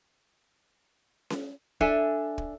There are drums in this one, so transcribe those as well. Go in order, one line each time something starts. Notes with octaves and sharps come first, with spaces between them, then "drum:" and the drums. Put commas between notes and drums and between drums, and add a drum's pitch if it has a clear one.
drum: snare C#4
D4 A4 E5 G#5, drum: kick
drum: kick